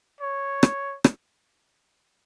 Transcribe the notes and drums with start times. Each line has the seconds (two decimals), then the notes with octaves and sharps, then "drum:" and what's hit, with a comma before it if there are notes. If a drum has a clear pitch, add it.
0.21 C#5
0.63 drum: rim click
1.04 drum: rim click